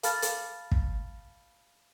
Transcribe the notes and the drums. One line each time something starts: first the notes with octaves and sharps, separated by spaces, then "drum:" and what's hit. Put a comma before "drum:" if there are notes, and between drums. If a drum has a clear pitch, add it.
F5 A5 B5 F6 A6, drum: hi-hat
drum: hi-hat
drum: kick